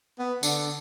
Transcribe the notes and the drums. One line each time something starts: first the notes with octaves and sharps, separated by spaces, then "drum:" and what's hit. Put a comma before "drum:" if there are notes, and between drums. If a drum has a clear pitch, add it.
B3
D3, drum: tambourine